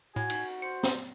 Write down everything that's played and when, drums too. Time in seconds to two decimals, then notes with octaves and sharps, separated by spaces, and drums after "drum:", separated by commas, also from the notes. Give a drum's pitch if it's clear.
0.16 A2 F#4 G#5
0.30 drum: cymbal
0.62 C5 C#7
0.83 drum: snare